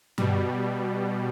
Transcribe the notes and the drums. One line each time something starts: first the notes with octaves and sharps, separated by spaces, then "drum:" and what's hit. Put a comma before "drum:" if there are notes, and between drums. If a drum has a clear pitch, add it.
B2 G3, drum: tom G2